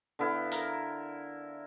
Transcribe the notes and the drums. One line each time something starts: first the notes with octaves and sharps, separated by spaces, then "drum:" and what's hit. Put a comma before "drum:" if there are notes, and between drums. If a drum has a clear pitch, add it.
D3 B3 E4 F5
A#4, drum: open hi-hat